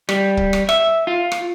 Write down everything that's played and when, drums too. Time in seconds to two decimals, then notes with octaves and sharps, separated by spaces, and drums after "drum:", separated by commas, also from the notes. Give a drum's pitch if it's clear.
0.09 G3, drum: rim click
0.37 drum: kick C#1
0.53 drum: rim click
0.69 E5, drum: rim click
1.07 F4
1.32 drum: rim click